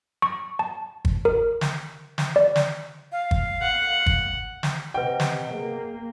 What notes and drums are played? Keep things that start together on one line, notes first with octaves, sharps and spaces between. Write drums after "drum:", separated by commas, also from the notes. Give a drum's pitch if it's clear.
C#6
A5
drum: kick
A#4
drum: snare
drum: snare
D5
drum: snare
F5
drum: kick
F#5
drum: kick
drum: snare
C3 B4 D#5 F#5 G5
drum: snare
A#3 G#4